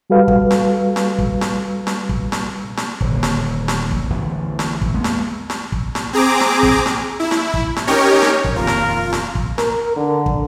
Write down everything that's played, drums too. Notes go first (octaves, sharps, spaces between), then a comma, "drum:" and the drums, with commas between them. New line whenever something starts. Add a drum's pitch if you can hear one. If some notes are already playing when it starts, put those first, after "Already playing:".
G3 F#4 A4 B4 F5
drum: kick
drum: snare
drum: snare
drum: kick
drum: snare
drum: snare
drum: kick
drum: snare
drum: snare
D#1 D3, drum: kick
drum: snare
drum: snare
drum: kick
A1 E2 D3 E3
drum: snare
drum: kick
G#3 A#3 B3
drum: snare
drum: snare
drum: kick
drum: snare
C4 G#4 A#5 D6
drum: snare
drum: kick
drum: snare
E4
drum: snare
drum: kick
drum: snare
C#4 D#4 G4 A#4 C#5
drum: snare
drum: kick
D#1 F2 D#3 F4 A#4
drum: snare
drum: snare
drum: kick
A#4, drum: snare
D3
drum: kick